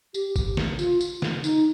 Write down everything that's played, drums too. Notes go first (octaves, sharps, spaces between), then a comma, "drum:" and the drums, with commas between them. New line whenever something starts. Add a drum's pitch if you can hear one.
G4, drum: tambourine
drum: kick, tambourine
drum: snare
F4, drum: tambourine
drum: tambourine
drum: snare
D#4, drum: tambourine